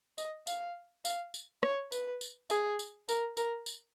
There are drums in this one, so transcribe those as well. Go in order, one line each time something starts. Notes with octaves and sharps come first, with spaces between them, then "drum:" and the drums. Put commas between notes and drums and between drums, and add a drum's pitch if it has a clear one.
D#5, drum: tambourine
F5, drum: tambourine
F5, drum: tambourine
drum: tambourine
C#5, drum: rim click
B4, drum: tambourine
drum: tambourine
G#4, drum: tambourine
drum: tambourine
A#4, drum: tambourine
A#4, drum: tambourine
drum: tambourine